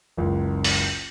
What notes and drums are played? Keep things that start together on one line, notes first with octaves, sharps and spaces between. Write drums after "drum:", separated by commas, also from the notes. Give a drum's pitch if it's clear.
F#1 C#2
drum: open hi-hat